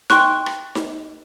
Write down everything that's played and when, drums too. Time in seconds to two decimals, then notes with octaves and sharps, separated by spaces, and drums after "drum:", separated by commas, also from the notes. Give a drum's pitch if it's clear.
0.10 G5 C6 C#6 F#6, drum: snare D#4
0.46 drum: rim click
0.75 drum: snare D#4